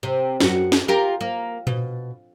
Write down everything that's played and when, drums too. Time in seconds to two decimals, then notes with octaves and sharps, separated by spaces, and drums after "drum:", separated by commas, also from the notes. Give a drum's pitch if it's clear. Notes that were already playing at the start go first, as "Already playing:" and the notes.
0.03 C3
0.40 F#2 F#4, drum: snare
0.72 drum: snare
0.88 F4 G4 A#4
1.21 A#3
1.67 B2, drum: tom A#2